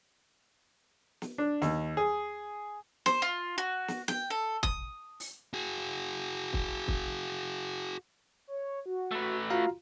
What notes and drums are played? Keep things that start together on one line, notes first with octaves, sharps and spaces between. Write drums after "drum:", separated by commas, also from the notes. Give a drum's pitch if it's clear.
drum: snare
D4
D#2, drum: snare
G#4
C5, drum: snare
F4
F#4
drum: snare
G5, drum: snare
A4
D#6, drum: kick
drum: open hi-hat
F#4 G#4
drum: kick
drum: kick
C#5
F#4
A3 B4
F4 F#4 F5 A#5